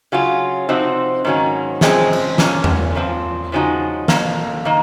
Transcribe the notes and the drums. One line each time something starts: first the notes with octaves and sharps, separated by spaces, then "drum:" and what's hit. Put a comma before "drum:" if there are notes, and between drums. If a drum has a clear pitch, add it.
C#3 F#3 C#4 F4
C3 F3 C4 D#4 F#4
G#2 D#3 F#3 A#3 C#4
F#2 C#3 F3 G#3 C4, drum: snare
drum: cymbal
A#2 F3 A#3 C#4, drum: snare
drum: tom E2
A#2 F3 C4
C#3 F3 G#3 D#4 F#4
F2 D#3 A#3, drum: snare
D#3 A#3